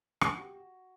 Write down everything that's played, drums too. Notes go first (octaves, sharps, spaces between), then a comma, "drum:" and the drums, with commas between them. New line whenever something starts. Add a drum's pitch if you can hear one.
F#4, drum: rim click
G4
F#4